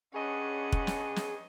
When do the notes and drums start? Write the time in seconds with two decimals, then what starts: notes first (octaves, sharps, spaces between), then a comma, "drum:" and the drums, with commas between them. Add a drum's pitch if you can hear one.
0.14 G2 C#4 G#4 C#5 D#5 F#5
0.72 drum: kick
0.87 drum: snare
1.16 drum: snare